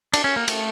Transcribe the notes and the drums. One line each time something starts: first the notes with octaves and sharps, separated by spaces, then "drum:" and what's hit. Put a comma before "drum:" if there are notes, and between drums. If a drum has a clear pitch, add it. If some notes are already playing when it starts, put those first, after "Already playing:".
D4, drum: cymbal
C#4
A#3
A3, drum: cymbal